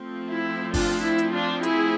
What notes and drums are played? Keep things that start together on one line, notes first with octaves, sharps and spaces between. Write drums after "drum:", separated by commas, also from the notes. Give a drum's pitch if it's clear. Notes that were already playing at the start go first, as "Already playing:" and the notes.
Already playing: F3 A3 C4
E4
D4 F4, drum: kick, open hi-hat
E4
drum: hi-hat
D4 F4
E4 G#4, drum: hi-hat